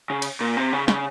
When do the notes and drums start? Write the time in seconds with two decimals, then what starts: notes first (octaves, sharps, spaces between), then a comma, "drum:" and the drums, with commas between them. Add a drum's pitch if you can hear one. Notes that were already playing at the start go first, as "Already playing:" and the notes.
0.10 C#3
0.22 drum: cymbal
0.41 A#2
0.57 C3
0.73 C#3
0.88 C#3, drum: snare